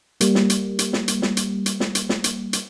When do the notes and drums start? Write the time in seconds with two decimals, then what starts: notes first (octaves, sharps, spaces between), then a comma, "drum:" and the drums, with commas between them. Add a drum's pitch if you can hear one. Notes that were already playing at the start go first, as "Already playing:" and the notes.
0.21 G3 A#3, drum: hi-hat
0.35 drum: snare
0.50 drum: hi-hat
0.79 drum: hi-hat
0.93 drum: snare
1.08 drum: hi-hat
1.22 drum: snare
1.37 drum: hi-hat
1.66 drum: hi-hat
1.80 drum: snare
1.95 drum: hi-hat
2.09 drum: snare
2.24 drum: hi-hat
2.53 drum: hi-hat